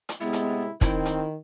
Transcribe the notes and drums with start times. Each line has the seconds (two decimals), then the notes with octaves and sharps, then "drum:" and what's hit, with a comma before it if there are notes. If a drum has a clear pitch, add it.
0.09 drum: hi-hat
0.21 A2 C3 G#3 B3 E4
0.33 drum: hi-hat
0.81 D#3 C4 E4, drum: kick, hi-hat
1.05 drum: hi-hat